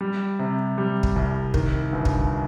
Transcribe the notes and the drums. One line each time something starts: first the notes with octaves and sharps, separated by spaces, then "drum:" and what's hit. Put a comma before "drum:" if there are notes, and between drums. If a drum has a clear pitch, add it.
G3
C3
G3
drum: kick
C2
D#3, drum: kick
G1
drum: kick